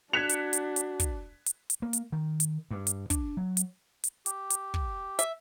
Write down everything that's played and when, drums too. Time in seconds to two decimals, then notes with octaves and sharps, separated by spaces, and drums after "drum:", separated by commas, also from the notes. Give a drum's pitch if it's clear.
0.13 D4 F#4 F#6 G#6 B6 C#7 E7 F7
0.29 drum: hi-hat
0.53 drum: hi-hat
0.76 drum: hi-hat
1.00 drum: kick, hi-hat
1.46 drum: hi-hat
1.70 drum: hi-hat
1.82 A#3
1.93 drum: hi-hat
2.12 D#3
2.40 drum: hi-hat
2.71 G2
2.87 drum: hi-hat
3.10 D4, drum: kick, hi-hat
3.37 F#3
3.57 drum: hi-hat
4.04 drum: hi-hat
4.26 G4, drum: hi-hat
4.50 drum: hi-hat
4.74 drum: kick
5.19 E5, drum: hi-hat